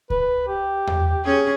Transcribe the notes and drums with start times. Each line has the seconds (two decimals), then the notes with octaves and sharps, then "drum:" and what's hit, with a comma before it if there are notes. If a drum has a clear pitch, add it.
0.10 B4, drum: kick C#2
0.47 G4
0.87 drum: tom E2
1.25 C#4 G#4